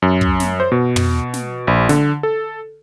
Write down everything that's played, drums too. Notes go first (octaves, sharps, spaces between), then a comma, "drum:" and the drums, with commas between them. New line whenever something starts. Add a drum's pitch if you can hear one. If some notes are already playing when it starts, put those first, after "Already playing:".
F#2
drum: kick
drum: snare
C5
B2
drum: tom
drum: snare
A#1
D3, drum: snare
A4